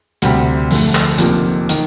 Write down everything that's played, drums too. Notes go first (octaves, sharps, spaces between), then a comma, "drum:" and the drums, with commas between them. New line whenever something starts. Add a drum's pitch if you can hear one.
D2 C3 G3, drum: hi-hat
F2 D3 A3, drum: open hi-hat
drum: clap
F1 F2 C3 F3 A#3, drum: hi-hat
D#3, drum: hi-hat